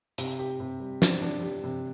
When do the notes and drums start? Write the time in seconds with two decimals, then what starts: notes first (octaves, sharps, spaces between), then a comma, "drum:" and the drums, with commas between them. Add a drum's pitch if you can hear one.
0.18 C3, drum: hi-hat
0.39 G4
0.60 C3
0.80 G3
1.02 D4, drum: snare
1.22 D4
1.43 G4
1.64 C3